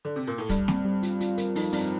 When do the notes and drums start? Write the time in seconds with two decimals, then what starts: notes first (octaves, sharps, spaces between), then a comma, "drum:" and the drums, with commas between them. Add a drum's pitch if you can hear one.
0.05 D3
0.16 C3
0.27 A#2
0.38 A2
0.49 G2 G3, drum: kick, hi-hat
0.68 C4, drum: snare
0.85 G3
1.03 F4, drum: hi-hat
1.20 F4, drum: hi-hat
1.38 A#4, drum: hi-hat
1.56 F2 D#4, drum: open hi-hat
1.72 G2 C4, drum: open hi-hat